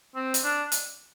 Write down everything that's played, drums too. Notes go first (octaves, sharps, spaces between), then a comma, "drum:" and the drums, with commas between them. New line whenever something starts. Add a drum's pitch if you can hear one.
C4
drum: hi-hat
D4
drum: hi-hat